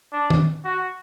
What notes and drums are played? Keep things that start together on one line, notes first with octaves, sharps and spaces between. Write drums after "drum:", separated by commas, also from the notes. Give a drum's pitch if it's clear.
D4
drum: tom
F#4